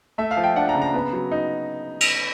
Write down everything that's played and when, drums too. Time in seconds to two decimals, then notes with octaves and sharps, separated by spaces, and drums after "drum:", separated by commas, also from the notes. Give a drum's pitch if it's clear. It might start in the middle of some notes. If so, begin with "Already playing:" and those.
0.18 A3 E5
0.31 F5
0.37 F3
0.43 G5
0.56 D4 F#5
0.69 A#5
0.75 C#3
0.82 A#5
0.94 B3
1.13 F#3
1.31 D#4
2.01 drum: cymbal